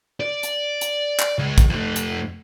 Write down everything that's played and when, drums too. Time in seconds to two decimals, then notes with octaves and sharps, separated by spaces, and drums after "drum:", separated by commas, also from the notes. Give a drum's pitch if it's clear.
0.20 D5
0.43 drum: hi-hat
0.81 drum: hi-hat
1.20 drum: clap
1.39 C#2 G#3
1.58 drum: kick, hi-hat
1.70 F2 A3
1.96 drum: hi-hat